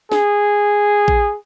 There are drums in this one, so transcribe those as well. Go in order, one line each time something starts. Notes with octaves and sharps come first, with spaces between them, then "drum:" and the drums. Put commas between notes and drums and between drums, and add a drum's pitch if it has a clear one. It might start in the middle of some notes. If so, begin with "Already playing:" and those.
G#4, drum: snare
drum: kick A1